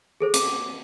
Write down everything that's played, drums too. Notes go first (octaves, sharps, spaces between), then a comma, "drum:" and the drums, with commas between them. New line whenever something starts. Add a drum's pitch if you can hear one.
G#4 A4 C5
D6, drum: hi-hat